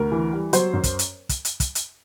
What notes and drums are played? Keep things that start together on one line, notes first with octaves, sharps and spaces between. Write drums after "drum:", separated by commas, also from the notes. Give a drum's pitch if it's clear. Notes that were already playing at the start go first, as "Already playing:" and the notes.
Already playing: D2 A#4
E3
G3
F#3 C5, drum: hi-hat
F#2
drum: kick, hi-hat
drum: hi-hat
drum: kick, hi-hat
drum: hi-hat
drum: kick, hi-hat
drum: hi-hat